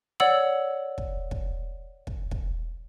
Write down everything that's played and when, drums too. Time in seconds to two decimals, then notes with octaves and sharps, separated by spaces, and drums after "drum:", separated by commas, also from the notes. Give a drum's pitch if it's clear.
0.20 C#5 D5 F#5 E6 F#7, drum: rim click
0.98 drum: kick
1.31 drum: kick
2.07 drum: kick
2.31 drum: kick